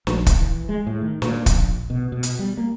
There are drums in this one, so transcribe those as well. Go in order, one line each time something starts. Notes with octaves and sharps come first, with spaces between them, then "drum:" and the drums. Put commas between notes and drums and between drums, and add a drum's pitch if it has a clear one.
A#1, drum: snare
drum: kick, hi-hat
E3
G#3
A2
D#3
A#2, drum: snare
A#1, drum: kick, hi-hat
B2
B2
drum: hi-hat
G3
A#3